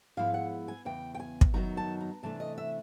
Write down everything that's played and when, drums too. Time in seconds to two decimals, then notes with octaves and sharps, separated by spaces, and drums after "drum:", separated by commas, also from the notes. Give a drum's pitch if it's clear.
0.17 G#2 F3 G#3 B3 E4 F5
0.34 F#5
0.68 G#5
0.85 E2 C#3 G5
1.15 G5
1.20 G#5
1.41 drum: kick
1.54 F#2 D#3 F#3 B3 D#4 A#5
1.77 A5
2.00 A#5
2.23 C3 E3 A3 D4 A5
2.40 D#5
2.58 E5